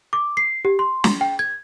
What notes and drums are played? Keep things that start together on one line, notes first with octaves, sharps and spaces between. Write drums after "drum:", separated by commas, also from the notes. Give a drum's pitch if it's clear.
D6
C7
G4
C6
drum: snare
G5
G#6